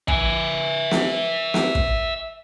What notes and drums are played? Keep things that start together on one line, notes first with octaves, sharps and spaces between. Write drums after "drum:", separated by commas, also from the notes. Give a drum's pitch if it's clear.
E5 G#5, drum: kick
drum: snare
drum: snare
drum: kick